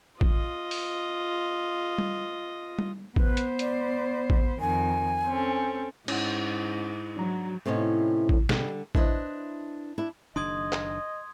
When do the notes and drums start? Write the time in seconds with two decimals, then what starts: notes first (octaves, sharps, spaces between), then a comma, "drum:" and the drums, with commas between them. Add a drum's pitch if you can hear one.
0.21 F4 D#5, drum: kick A1
0.71 drum: open hi-hat
1.98 drum: tom G3
2.79 drum: tom G3
3.16 B3 B4 C5, drum: kick A1
3.37 drum: hi-hat
3.59 D5, drum: hi-hat
4.30 drum: kick A1
4.60 F2 D#3 G#5
5.27 C4 C#4 A4
6.08 G#2 C#4 E4 F#5, drum: cymbal
7.16 F#3 D4 A#5
7.66 A2 C3 B3 C#4 D#4
8.29 drum: kick A1
8.49 D3 G3, drum: snare
8.95 D4 E4 B4 C5 D#5, drum: kick A1
9.98 D4 E4
10.36 F#1 D#3 D4 D#5 C6 D#6 G#6
10.72 drum: clap